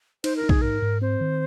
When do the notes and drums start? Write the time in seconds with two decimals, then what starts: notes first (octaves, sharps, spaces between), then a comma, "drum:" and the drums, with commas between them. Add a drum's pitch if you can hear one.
0.24 D#4 C5, drum: cymbal
0.36 A#4
0.44 D#4
0.49 G#4, drum: kick A#1
0.61 G#2 A#4
0.82 G#2
1.02 C4 C5
1.21 D#3